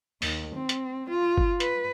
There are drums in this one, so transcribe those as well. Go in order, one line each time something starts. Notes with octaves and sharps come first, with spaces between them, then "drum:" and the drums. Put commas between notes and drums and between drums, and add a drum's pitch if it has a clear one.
D#2, drum: open hi-hat
C4
drum: hi-hat
F4
drum: kick
B4, drum: hi-hat